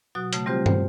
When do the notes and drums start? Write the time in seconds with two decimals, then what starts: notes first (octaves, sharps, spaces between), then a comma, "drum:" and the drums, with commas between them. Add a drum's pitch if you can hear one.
0.15 B2 F#3 F#4 D#6 F#6
0.33 C#3 A3, drum: hi-hat
0.46 E3 G3 C4 F4 G4 C5
0.66 C5, drum: tom